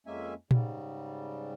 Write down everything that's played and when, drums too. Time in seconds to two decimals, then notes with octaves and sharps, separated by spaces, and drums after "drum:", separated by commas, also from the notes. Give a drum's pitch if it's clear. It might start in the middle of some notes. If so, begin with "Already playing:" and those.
0.07 F2 G#3 A#3 C#4 E5 G#5
0.51 G#2 C#3 G3, drum: tom A#2